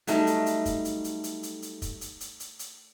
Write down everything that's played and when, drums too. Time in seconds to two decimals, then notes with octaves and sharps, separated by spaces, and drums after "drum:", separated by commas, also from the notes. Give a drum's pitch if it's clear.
0.07 F#3 G3 A3 D#4, drum: hi-hat
0.27 drum: hi-hat
0.46 drum: hi-hat
0.66 drum: kick, hi-hat
0.85 drum: hi-hat
1.04 drum: hi-hat
1.24 drum: hi-hat
1.43 drum: hi-hat
1.62 drum: hi-hat
1.82 drum: kick, hi-hat
2.01 drum: hi-hat
2.21 drum: hi-hat
2.40 drum: hi-hat
2.59 drum: hi-hat